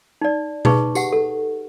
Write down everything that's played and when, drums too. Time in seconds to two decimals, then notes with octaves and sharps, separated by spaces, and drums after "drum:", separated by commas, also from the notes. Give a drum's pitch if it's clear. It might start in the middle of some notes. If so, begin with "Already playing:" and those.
0.21 D#4 D5
0.65 D#4 G#4 B4 C#6, drum: tom B2
0.95 G4 F#5, drum: tambourine
1.12 A4